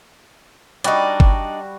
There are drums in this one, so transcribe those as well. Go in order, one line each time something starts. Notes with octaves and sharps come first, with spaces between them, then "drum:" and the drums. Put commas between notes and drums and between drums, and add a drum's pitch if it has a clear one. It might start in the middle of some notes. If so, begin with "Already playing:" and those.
G3 D4 D#4 F#4, drum: hi-hat
drum: kick G1